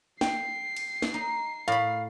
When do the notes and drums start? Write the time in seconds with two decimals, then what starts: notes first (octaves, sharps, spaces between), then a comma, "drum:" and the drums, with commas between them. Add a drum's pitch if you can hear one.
0.21 G5 C7, drum: snare
0.76 drum: cymbal
1.02 drum: snare
1.14 D#4
1.68 A2 F5 B5